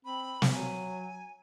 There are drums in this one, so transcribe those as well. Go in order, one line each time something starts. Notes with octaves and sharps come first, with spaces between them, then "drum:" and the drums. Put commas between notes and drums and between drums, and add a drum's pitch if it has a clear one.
C4 B5
drum: snare
F#3 G#5